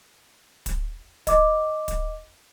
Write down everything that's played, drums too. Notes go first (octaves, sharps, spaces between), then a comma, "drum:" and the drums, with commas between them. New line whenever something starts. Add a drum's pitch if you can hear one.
drum: kick, hi-hat
D#5 D6, drum: kick, hi-hat
drum: kick, hi-hat